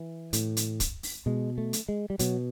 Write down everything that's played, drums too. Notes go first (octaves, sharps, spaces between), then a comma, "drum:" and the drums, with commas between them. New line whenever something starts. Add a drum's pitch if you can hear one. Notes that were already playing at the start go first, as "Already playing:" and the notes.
Already playing: E3
A2, drum: hi-hat
drum: hi-hat
drum: kick, hi-hat
drum: open hi-hat
B2 G#3
A3
drum: hi-hat
G#3
G3
B2 F#3, drum: hi-hat